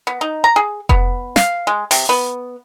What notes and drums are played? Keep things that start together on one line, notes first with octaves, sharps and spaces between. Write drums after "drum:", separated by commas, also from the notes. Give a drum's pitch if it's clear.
B3
D#4
A#5
G#4
B3, drum: kick F1
F5, drum: snare
G#3
C3, drum: open hi-hat
B3